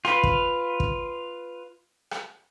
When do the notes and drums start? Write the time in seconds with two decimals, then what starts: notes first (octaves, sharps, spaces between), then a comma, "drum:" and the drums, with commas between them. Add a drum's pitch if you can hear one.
0.05 F4 B4, drum: rim click
0.23 drum: kick
0.80 drum: kick
2.11 drum: rim click